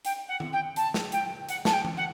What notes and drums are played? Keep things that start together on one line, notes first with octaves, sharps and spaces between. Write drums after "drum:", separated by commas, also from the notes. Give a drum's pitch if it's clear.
G5, drum: hi-hat
F#5
drum: tom D#3
G5
A5, drum: hi-hat
drum: snare
G5, drum: hi-hat
F#5, drum: hi-hat
A5, drum: snare
G5
drum: tom E3
F#5